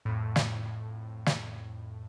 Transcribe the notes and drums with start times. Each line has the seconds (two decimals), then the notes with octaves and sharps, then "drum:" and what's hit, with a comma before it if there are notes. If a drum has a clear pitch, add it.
0.05 F2 A2
0.36 drum: snare
1.26 drum: snare